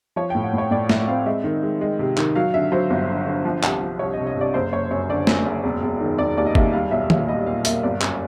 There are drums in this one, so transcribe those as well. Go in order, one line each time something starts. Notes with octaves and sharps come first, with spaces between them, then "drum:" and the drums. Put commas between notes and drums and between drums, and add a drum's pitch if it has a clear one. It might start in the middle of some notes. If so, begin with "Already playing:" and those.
F3 C#5
A2 G5
F#5
A2 C#5
A2 D5
A2 E5, drum: snare
C4 F5
G#3 E5
D#3
G#3
G#3
C3
D#3, drum: clap
F#3 F5
D3 E5
F#3 C5
G1
D3
D3
F3
C2, drum: clap
F3
C2 C#5
C3 D#5
D#5
C3 D5
F#1 C5
F#1 C#5
F#2 C#5
D3 D5
F#2, drum: snare
F#1
E1
E1
D#3
E1 D5
D#2 D5
D#5
D#2 E5, drum: kick G1
G3 F5
B1 E5
A#2 E5, drum: tom D#3
G3 D#5
A#2 F5
A#3 E5, drum: hi-hat
G1 D5
F#2, drum: clap